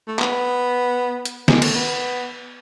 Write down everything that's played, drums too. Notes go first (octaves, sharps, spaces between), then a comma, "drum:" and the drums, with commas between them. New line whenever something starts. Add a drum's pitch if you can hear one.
A3
B3, drum: clap
drum: hi-hat
G#3, drum: snare
A3, drum: cymbal
B3